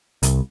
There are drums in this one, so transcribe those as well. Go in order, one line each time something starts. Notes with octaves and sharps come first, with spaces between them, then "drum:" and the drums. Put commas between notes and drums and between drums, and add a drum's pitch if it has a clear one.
C2, drum: hi-hat